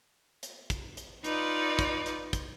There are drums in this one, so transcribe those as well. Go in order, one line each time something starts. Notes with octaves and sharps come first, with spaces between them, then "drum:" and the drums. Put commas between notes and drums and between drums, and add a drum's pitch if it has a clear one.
drum: hi-hat
drum: kick, hi-hat
drum: hi-hat
D#4 F4 B4 D5, drum: hi-hat
drum: kick, hi-hat
drum: hi-hat
drum: kick, hi-hat